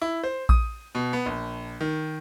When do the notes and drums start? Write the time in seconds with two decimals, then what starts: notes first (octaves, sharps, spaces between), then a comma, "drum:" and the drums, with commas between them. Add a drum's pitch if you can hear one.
0.02 E4
0.23 C5
0.49 D#6, drum: kick A#1
0.95 B2
1.13 B3
1.26 A#1
1.81 D#3